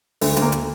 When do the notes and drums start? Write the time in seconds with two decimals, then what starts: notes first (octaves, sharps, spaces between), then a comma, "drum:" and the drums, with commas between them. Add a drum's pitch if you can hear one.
0.21 D2 A3, drum: open hi-hat
0.32 A3
0.37 D2, drum: hi-hat
0.42 A#3
0.52 drum: hi-hat